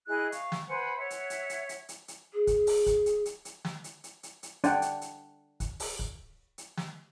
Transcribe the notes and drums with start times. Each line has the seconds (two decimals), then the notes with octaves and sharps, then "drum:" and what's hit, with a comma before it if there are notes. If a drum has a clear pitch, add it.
0.07 E4 G#4 D#5 F#6
0.32 F5 C#6, drum: hi-hat
0.52 drum: snare
0.68 B4 C5 F#5 G#5
0.97 C#5 E5 F#5
1.10 drum: hi-hat
1.30 drum: hi-hat
1.50 drum: hi-hat
1.69 drum: hi-hat
1.89 drum: hi-hat
2.08 drum: hi-hat
2.33 G#4
2.47 drum: kick, hi-hat
2.67 drum: open hi-hat
2.86 drum: kick, hi-hat
3.06 drum: hi-hat
3.25 drum: hi-hat
3.45 drum: hi-hat
3.65 drum: snare
3.84 drum: hi-hat
4.04 drum: hi-hat
4.23 drum: hi-hat
4.43 drum: hi-hat
4.64 D4 F#5 G5, drum: hi-hat
4.82 drum: hi-hat
5.01 drum: hi-hat
5.60 drum: kick, hi-hat
5.80 drum: open hi-hat
5.99 drum: kick
6.58 drum: hi-hat
6.77 drum: snare